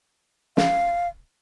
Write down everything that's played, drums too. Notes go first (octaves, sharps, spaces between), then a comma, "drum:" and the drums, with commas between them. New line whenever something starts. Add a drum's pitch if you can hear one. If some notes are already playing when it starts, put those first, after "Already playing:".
F5, drum: snare